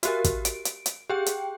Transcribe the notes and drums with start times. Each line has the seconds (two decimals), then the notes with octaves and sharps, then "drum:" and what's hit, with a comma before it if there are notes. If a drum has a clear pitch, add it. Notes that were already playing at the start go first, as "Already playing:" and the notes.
0.03 F#4 G4 A#4, drum: hi-hat
0.24 drum: kick, hi-hat
0.45 D7, drum: hi-hat
0.65 drum: hi-hat
0.86 drum: hi-hat
1.10 G4 G#4 G5
1.26 drum: hi-hat